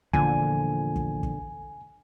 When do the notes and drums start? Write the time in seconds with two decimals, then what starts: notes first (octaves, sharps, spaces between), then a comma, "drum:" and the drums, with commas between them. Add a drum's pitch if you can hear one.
0.13 E2 A#2 D3 F3 G#5, drum: kick
0.96 drum: kick
1.23 drum: kick